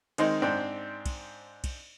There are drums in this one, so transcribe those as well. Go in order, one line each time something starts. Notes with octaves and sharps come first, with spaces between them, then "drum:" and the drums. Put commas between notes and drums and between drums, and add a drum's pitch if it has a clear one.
D#3 G#3 C4 D#4, drum: cymbal
G#2 C4 D4 G5
drum: kick, cymbal
drum: kick, cymbal